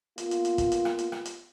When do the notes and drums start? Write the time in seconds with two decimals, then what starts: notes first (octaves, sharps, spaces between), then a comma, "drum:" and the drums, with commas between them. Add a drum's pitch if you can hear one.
0.18 A#3 B3 F4, drum: hi-hat
0.31 drum: hi-hat
0.45 drum: hi-hat
0.58 drum: kick, hi-hat
0.72 drum: hi-hat
0.85 drum: rim click
0.99 drum: hi-hat
1.12 drum: rim click
1.25 drum: hi-hat